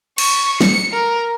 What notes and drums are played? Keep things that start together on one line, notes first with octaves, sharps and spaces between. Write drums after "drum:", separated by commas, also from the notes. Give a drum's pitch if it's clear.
C#6, drum: cymbal
C#7, drum: snare
A#4